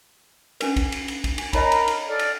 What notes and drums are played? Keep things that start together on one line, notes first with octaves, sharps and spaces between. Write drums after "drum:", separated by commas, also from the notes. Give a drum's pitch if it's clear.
C#4 D4 B4, drum: cymbal
drum: kick, cymbal
drum: cymbal
drum: cymbal
drum: kick, cymbal
D4, drum: cymbal
D#4 A#4 C#5 D#5 A#5 B5, drum: kick, cymbal
drum: cymbal
drum: cymbal
A4 D5 F6
drum: cymbal